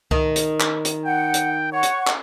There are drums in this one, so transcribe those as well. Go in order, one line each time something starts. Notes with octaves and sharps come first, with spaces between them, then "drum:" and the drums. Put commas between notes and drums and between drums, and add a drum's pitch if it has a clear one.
D#3, drum: kick C#2
drum: hi-hat
drum: clap
drum: hi-hat
F#5 G5
drum: hi-hat
C#5 F#5 C#6
drum: hi-hat
drum: clap